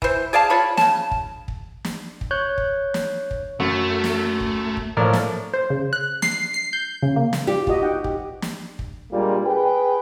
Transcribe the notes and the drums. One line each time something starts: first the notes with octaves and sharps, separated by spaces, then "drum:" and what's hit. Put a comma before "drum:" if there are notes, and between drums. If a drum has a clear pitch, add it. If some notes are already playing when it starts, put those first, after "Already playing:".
E3 C5, drum: kick
G#4 D5 F5 A5
F4 C#5 B5
C#3 A5, drum: snare
drum: kick
drum: kick
drum: snare
drum: kick
C#5 F#6 G6
drum: kick
drum: snare
drum: kick
F#2 A3 F#4
drum: snare
drum: kick
drum: kick
A2 F3 A#4 D5 F6
drum: snare
C5
C#3
F#6
C7, drum: snare
C7
G6
C#3
A#3
drum: snare
F4 G4 D5
F4 F#4 D#5, drum: kick
D#4 F#5 G5
G4, drum: kick
drum: snare
drum: kick
A#2 G3 G#3 A#3 D4 F4
G#4 B4 G5